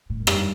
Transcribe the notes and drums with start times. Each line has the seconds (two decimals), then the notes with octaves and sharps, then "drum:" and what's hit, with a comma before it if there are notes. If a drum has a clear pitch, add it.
0.10 A2
0.20 F#2
0.27 G2, drum: rim click